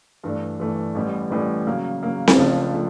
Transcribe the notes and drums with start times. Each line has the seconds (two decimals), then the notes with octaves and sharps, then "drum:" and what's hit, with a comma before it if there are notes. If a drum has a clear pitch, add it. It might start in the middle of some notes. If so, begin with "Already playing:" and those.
0.23 G2 E3 A3 D4
0.59 G2 E3 A3 D4
0.95 A1 A2 E3 G3
1.31 A1 A2 E3 G3
1.67 C#3 F#3 A#3
2.03 C#3 F#3 A#3
2.28 drum: snare C4
2.38 C#2 C#3 F3 A3 D4
2.74 C#3 F3 A3 D4